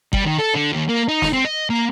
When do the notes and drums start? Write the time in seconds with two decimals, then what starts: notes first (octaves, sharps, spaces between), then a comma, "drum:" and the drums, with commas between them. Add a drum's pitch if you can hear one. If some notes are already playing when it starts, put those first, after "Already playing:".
0.13 G3, drum: kick G1
0.25 D#3
0.39 A4
0.56 D3
0.73 D#2
0.89 A#3
1.09 D#4
1.22 drum: snare
1.33 C4
1.45 D#5
1.70 A#3